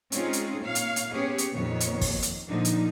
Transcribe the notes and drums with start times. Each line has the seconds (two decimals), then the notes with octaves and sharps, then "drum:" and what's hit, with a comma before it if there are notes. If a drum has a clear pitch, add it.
0.12 G#3 C4 C#4 D#4 F4 G#4, drum: hi-hat
0.33 drum: hi-hat
0.61 A#2 C#5 F5
0.75 drum: hi-hat
0.96 drum: hi-hat
1.12 B3 C#4 G4 G#4 C#5
1.38 drum: hi-hat
1.53 F2 A#2 D#3 B3 C#5
1.80 drum: hi-hat
2.01 drum: kick, open hi-hat
2.23 drum: hi-hat
2.48 A#2 D3 F3 D4 D#4
2.65 drum: hi-hat